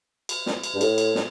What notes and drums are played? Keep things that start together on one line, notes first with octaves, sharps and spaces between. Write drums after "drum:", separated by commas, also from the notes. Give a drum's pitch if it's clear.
drum: cymbal
drum: snare
drum: cymbal
G2
A2, drum: cymbal
drum: cymbal
drum: snare